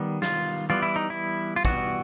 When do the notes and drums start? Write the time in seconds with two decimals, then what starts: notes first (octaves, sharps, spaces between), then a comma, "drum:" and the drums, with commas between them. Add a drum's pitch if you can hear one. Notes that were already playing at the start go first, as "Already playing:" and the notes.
Already playing: D#3 G3 B3
0.22 F4, drum: snare
0.70 E3 G3 B3 F4
0.83 E4
0.96 D#4
1.10 E4
1.56 F4
1.65 E3 G3 B3 F#4, drum: kick